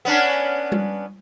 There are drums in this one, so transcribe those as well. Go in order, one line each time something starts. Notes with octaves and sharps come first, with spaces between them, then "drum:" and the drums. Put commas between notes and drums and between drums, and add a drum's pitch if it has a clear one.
B3 C#4 D4
drum: tom G3